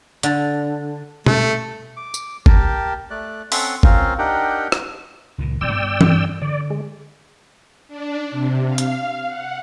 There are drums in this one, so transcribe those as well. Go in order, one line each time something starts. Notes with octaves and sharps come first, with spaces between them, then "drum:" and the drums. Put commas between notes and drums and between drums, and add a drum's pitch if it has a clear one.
D3, drum: hi-hat
A3, drum: tom B2
D6
drum: tambourine
G4 A#4 G5 A5, drum: kick G1
A3 D5 F#6
C4 C#4 A4 F#5 C6, drum: open hi-hat
C4 C#4 F4 A#4 C5 F5, drum: kick G1
D4 D#4 G4 A#4 F#5 G5
drum: rim click
C#2 A#2 D#3
E1 F2 A2 D5 G5 E6
G2 B3
drum: tom E3
D3 D5
G#3
D4
C3
F5
drum: hi-hat
F#5